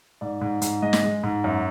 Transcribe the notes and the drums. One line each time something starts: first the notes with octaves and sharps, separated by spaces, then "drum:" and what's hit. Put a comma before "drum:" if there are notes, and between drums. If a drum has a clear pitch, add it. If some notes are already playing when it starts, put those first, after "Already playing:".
G#2 D5
G#2
G#2, drum: hi-hat
G#3 D#5
drum: snare
G#3
G#2
F#2